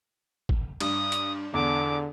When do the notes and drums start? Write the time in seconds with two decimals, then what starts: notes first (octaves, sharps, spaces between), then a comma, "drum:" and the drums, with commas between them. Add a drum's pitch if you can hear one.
0.49 drum: kick
0.80 G2 D#6, drum: cymbal
1.12 drum: hi-hat
1.54 E2 D3 D6